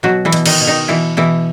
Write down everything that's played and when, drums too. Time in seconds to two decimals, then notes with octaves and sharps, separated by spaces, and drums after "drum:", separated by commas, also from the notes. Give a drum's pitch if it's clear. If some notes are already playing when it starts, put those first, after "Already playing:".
0.03 B2 F#3 F#4
0.25 E3 E4
0.33 B2, drum: hi-hat
0.46 D#3 D#4, drum: cymbal
0.61 B2
0.67 D#3 D#4
0.88 B2 E3 E4
1.17 B2 E3 E4